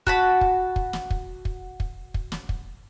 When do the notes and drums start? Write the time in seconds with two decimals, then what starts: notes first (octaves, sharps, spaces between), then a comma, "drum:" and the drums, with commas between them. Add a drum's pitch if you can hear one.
0.07 F#4 A5 B5, drum: kick
0.41 drum: kick
0.76 drum: kick
0.93 drum: snare
1.11 drum: kick
1.45 drum: kick
1.80 drum: kick
2.14 drum: kick
2.32 drum: snare
2.49 drum: kick